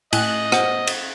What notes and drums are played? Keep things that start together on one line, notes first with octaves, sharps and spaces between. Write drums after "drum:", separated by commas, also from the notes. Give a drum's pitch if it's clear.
A2 D#5 G#5 F#6, drum: cymbal
C5 F#5, drum: rim click
drum: cymbal